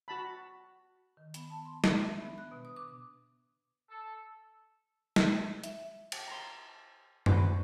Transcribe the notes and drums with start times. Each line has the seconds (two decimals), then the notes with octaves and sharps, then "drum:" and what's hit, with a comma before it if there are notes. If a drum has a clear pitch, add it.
0.08 F#4 A5 B5
1.17 D#3
1.34 B3, drum: hi-hat
1.50 A5
1.65 C6
1.84 D4, drum: snare
2.05 E5
2.20 B3
2.38 F#6
2.51 B2
2.65 D#6
2.76 D6
3.90 A4
5.16 drum: snare
5.64 E5, drum: hi-hat
6.12 drum: cymbal
6.28 A#5 C6
7.26 D4 E4 F#4 B4 C5 D6, drum: tom F#2